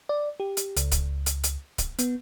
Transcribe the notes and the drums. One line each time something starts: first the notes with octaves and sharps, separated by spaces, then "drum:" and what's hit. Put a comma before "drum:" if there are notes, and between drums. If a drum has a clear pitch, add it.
D5
G4
drum: hi-hat
C#2, drum: hi-hat
drum: kick C#1, hi-hat
drum: hi-hat
drum: hi-hat
drum: kick C#1, hi-hat
B3, drum: hi-hat